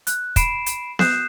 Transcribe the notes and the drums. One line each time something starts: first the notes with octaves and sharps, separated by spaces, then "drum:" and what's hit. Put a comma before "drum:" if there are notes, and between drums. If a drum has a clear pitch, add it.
F#6, drum: hi-hat
B5 C7 D7 E7, drum: kick, hi-hat
drum: hi-hat
D#6 F#6 G6 C7 E7, drum: snare B3